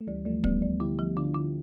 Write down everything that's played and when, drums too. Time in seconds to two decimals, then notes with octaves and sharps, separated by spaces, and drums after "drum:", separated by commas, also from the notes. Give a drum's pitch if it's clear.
0.01 A3
0.07 D2 E3 G3
0.26 D2 F3 A3
0.44 D2 G3 B3, drum: kick
0.62 D2
0.80 D3 E4 G4
0.99 F3
1.17 D3 D4 F4
1.35 D3